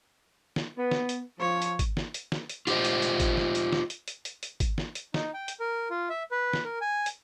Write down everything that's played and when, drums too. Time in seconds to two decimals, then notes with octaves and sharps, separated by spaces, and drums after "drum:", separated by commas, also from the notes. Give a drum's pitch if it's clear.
0.56 drum: snare
0.78 B3
0.91 drum: snare
1.09 drum: hi-hat
1.40 F3 C#5
1.62 drum: hi-hat
1.79 drum: kick G#1, hi-hat
1.97 drum: snare
2.14 drum: hi-hat
2.32 drum: snare
2.50 drum: hi-hat
2.67 F4 G4 A#4 C5 D#5, drum: hi-hat
2.85 drum: hi-hat
3.02 drum: hi-hat
3.20 drum: kick G#1, hi-hat
3.37 drum: snare
3.55 drum: hi-hat
3.72 drum: snare
3.90 drum: hi-hat
4.08 drum: hi-hat
4.25 drum: hi-hat
4.43 drum: hi-hat
4.60 drum: kick G#1, hi-hat
4.78 drum: snare
4.95 drum: hi-hat
5.14 D#4, drum: snare
5.34 G5
5.48 drum: hi-hat
5.60 A#4
5.90 F4
6.10 E5
6.31 B4
6.53 drum: snare
6.65 A#4
6.81 G#5
7.06 drum: hi-hat